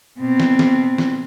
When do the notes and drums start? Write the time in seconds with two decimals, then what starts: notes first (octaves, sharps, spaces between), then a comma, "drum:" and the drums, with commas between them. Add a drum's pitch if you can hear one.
0.20 B2 C4
0.40 drum: snare
0.59 drum: snare
0.98 drum: snare